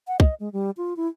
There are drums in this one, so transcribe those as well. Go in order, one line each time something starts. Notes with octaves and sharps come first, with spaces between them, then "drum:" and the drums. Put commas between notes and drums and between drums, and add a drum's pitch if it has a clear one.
F#5
D#5, drum: kick
G#3
G3
F4
E4